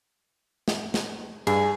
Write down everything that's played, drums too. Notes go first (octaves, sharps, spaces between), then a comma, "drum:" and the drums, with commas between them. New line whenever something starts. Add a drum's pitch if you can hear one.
drum: snare
drum: snare
G2 G#4, drum: cymbal